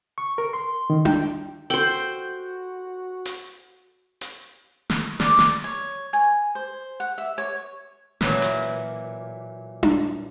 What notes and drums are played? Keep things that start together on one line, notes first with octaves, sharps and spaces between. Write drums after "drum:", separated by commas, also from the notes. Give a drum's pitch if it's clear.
C#6
A#4
C6
D#3
G5, drum: tom D4
F#4 A4 C5 G5 G7
drum: hi-hat
drum: hi-hat
drum: snare
D5, drum: snare
drum: snare
C#5
G#5
C5
F#5
E5
C#5
A#2 E3 F#3 B4 E5, drum: snare
drum: hi-hat
drum: tom D4